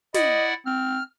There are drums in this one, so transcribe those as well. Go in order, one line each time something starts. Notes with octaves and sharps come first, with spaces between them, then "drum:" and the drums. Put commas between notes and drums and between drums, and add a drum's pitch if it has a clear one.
E4 D5 D#5 F#5, drum: snare
C4 F6